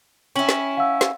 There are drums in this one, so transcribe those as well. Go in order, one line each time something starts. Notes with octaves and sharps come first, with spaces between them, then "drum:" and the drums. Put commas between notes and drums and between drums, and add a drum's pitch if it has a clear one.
C#4 E4 G5 F#7
drum: snare
F5 F#5 E6
drum: snare